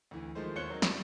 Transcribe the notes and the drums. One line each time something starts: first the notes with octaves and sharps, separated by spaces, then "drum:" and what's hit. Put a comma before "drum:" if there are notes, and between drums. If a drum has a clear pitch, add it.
D2 E3
D#3 F3 G#3 A3 C5
D#2 C5 C#5 F#6 C#7 G7
D#3 F#3 A#3 C4 D#4
G3, drum: snare